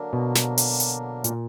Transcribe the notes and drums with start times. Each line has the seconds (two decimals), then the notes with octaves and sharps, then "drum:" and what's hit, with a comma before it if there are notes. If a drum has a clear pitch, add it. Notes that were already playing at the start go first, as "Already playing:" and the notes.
Already playing: D3 F#3 A#3 D4 A#4
0.13 B2
0.35 drum: snare
0.58 drum: open hi-hat
0.80 drum: hi-hat
1.24 A#2, drum: hi-hat